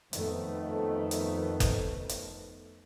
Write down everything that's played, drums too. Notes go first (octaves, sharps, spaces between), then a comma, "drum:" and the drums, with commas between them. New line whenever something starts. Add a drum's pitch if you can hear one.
F2 D#3 A3 B3, drum: hi-hat
drum: hi-hat
drum: kick F#1, hi-hat
drum: hi-hat